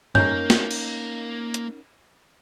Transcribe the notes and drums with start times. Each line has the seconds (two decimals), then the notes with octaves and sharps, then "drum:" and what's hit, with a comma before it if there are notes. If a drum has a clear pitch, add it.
0.15 A#3 C#4 D#4 A#4 G6, drum: tom F#2
0.50 drum: snare
0.71 drum: cymbal
1.54 drum: hi-hat